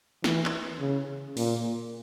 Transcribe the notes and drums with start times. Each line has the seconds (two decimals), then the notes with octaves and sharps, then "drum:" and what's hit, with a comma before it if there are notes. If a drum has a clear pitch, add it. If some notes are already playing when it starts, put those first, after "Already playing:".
0.24 E3, drum: snare
0.46 drum: clap
0.80 C#3
1.37 A#2, drum: open hi-hat